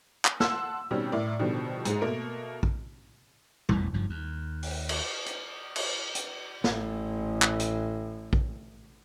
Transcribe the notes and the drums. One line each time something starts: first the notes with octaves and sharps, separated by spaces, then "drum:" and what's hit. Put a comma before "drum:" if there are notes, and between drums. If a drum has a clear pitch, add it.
drum: clap
F#5 A5 C6 E6, drum: snare
B2 D#3 G3 C4 C#4
A2 E4 A#4 D5
B2 D3 D#3 F3 G3
G#2 G#3, drum: hi-hat
B2 A3 A#3 D7
drum: kick
E1 A1 E2 E3, drum: tom G3
F#1 G2 F3
D#2
drum: open hi-hat
drum: cymbal
drum: hi-hat
drum: cymbal
drum: hi-hat
A1 A2, drum: snare
drum: clap
drum: hi-hat
drum: kick